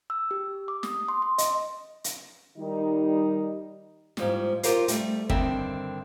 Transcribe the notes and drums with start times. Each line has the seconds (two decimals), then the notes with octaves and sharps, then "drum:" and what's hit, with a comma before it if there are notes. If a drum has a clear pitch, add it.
0.10 E6
0.31 G4
0.68 D6
0.83 D#6, drum: snare
1.08 C6
1.22 C6
1.38 D#5, drum: hi-hat
2.04 drum: hi-hat
2.58 D#3 G3 D#4
4.17 G#2 F3 G3, drum: snare
4.63 F4 G4 A#4 C5 F5, drum: hi-hat
4.88 G3 A3, drum: hi-hat
5.30 G2 D3 D#3 C4 E5, drum: kick